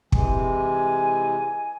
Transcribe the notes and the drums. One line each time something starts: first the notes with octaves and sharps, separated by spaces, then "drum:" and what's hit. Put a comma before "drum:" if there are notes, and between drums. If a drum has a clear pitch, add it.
C3 E3 G#3 G#5, drum: kick